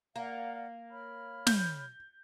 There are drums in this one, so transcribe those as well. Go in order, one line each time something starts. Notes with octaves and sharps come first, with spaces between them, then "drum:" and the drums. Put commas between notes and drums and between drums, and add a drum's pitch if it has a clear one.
A#3 D5 F5 F#5
C#5 B5 F6
G6, drum: snare